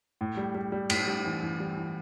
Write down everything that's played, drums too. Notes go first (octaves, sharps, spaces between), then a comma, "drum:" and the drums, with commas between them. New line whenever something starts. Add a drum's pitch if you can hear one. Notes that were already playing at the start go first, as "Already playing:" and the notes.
A2
G3
G3
G3
A2, drum: cymbal
G3
E3
E3
G3
E3